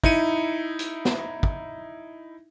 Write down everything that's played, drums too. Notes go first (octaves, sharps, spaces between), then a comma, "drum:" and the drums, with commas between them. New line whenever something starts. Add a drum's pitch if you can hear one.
D#4 E4 C#7 D#7, drum: kick
drum: hi-hat
drum: snare
drum: kick